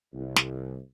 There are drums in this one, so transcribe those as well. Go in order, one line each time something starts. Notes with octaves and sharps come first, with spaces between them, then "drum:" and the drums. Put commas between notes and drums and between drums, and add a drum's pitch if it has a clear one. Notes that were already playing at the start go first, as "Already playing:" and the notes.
C2
drum: snare